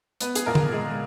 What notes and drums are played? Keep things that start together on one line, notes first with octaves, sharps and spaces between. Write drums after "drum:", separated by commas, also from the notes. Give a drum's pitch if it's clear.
B3 B4, drum: hi-hat
G#4, drum: hi-hat
A#2 A#4
drum: tom
G#3 G#4